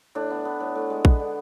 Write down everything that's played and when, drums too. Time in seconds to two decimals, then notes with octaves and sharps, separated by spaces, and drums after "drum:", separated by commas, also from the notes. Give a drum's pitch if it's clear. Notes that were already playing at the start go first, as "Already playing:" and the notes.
0.15 A2 D4
0.30 B3
0.45 B3
0.60 A2
0.75 A2
0.90 G#3
1.05 B3, drum: kick A#1
1.20 D3